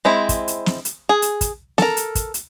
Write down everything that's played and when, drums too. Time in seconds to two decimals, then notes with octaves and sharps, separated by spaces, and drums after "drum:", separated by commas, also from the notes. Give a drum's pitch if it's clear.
0.05 G#3 C4 E4
0.29 drum: kick, hi-hat
0.48 drum: hi-hat
0.66 drum: snare
0.85 drum: hi-hat
1.09 G#4
1.22 drum: hi-hat
1.41 drum: kick, hi-hat
1.78 A4 A#4, drum: snare
1.97 drum: hi-hat
2.15 drum: kick, hi-hat
2.34 drum: hi-hat